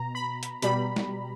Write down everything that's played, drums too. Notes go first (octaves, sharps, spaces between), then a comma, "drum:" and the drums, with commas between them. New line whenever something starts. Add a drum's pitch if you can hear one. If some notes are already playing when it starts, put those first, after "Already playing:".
Already playing: B2 A#5
B5
drum: hi-hat
B2 G3 B5, drum: hi-hat
drum: snare